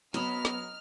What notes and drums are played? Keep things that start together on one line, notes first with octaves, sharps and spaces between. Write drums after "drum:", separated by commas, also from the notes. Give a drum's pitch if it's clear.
F#3 B3 D#5 B5 D#6 F6 E7, drum: hi-hat
drum: snare